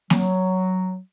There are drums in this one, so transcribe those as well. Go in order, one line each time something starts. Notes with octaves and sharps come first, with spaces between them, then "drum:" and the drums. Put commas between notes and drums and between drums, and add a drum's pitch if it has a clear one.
F#3, drum: snare A#3